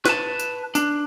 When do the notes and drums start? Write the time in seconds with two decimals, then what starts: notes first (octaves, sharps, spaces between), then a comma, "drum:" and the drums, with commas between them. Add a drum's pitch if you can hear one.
0.06 B4 A5, drum: snare
0.39 drum: tambourine
0.75 D4, drum: tambourine